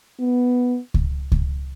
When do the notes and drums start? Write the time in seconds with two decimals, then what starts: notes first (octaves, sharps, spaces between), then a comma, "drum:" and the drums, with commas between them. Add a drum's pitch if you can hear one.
0.20 B3
0.94 drum: kick C#2
1.32 drum: kick C#2